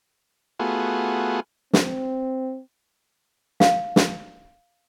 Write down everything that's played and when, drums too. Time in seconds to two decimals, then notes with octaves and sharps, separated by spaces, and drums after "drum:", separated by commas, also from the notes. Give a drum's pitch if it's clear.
0.59 A3 B3 F4 F#4 G#4
1.73 C4, drum: snare
3.60 F5, drum: snare
3.96 drum: snare